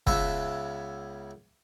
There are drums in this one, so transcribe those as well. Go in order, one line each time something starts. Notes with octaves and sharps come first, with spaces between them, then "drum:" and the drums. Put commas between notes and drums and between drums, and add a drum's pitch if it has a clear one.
C#2 C#3 B3 E5, drum: kick